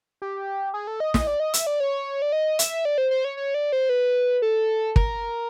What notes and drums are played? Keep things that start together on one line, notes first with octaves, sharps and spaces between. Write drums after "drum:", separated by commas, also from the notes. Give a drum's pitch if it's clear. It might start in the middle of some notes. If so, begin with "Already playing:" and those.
G4
G#4
A4
D#5
D#5, drum: snare
D5
D#5
E5, drum: hi-hat
D5
C#5
D5
D#5
E5, drum: hi-hat
D5
C5
C5
C#5
C#5
D5
C5
B4
A4
A#4, drum: kick